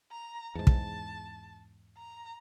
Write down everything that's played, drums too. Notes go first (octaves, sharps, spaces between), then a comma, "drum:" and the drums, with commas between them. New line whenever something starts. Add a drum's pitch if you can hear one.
A#5
E2 G#2 A5
drum: kick
A#5